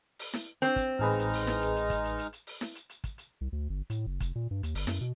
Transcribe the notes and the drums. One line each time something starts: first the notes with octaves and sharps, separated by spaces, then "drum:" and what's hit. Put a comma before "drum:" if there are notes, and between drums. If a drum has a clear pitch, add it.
drum: open hi-hat
drum: snare E4
C4, drum: hi-hat
drum: kick, hi-hat
A1 G#3 D#4 G#4 B4 F6
drum: hi-hat
drum: open hi-hat
drum: snare E4
drum: hi-hat
drum: hi-hat
drum: kick, hi-hat
drum: hi-hat
drum: hi-hat
drum: hi-hat
drum: open hi-hat
drum: snare E4
drum: hi-hat
drum: hi-hat
drum: kick, hi-hat
drum: hi-hat
C2
D2
G1
A2, drum: hi-hat
F#1
F1, drum: kick, hi-hat
A#2
G2
D#2, drum: hi-hat
G1, drum: open hi-hat
F#2, drum: snare E4
B2